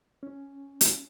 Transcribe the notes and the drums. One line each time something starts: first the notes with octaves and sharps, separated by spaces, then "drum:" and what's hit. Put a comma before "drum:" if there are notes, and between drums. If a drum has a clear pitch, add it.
C#4
drum: hi-hat